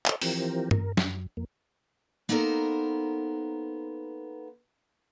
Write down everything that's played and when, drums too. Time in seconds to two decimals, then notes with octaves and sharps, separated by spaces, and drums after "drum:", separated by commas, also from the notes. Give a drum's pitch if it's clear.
0.06 A4 C5 C#5 D#5, drum: clap
0.21 E3 F3 C4 G4 A#4, drum: open hi-hat
0.71 A#4, drum: tom G2
0.97 F#2, drum: snare
1.37 F2 A#3
2.29 A#3 B3 D#4 A4 A#4 C5